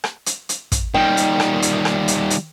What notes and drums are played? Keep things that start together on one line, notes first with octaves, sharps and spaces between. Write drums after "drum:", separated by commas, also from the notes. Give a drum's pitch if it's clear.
drum: rim click
drum: hi-hat
drum: hi-hat
drum: kick, hi-hat
D#3 G3 G5
drum: hi-hat
drum: rim click
drum: hi-hat
drum: rim click
drum: hi-hat
drum: hi-hat